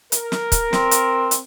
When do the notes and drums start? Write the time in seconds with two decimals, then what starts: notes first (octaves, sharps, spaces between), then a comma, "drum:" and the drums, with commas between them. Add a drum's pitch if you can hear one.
0.12 A#4, drum: hi-hat
0.32 drum: snare
0.52 drum: kick, hi-hat
0.73 C4, drum: snare
0.91 drum: hi-hat
1.31 drum: hi-hat